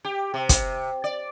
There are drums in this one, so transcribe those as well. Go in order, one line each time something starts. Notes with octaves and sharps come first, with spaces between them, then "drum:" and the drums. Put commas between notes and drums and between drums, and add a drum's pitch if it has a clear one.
G4
C3
drum: kick, hi-hat
D5